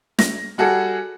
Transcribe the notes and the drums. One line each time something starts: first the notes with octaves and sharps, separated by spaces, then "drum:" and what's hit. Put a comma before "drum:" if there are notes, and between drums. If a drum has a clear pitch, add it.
A#6, drum: snare
G3 F#4 G#4 A4